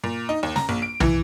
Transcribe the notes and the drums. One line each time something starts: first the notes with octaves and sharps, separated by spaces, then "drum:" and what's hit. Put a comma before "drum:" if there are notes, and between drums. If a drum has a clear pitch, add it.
A#2
D#4
D#2
A#5, drum: snare
A#1
D7
E3, drum: tom